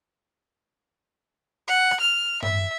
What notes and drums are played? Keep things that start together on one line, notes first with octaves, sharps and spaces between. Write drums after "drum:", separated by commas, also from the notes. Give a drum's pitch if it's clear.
F#5
drum: rim click
F6
E5, drum: tom G2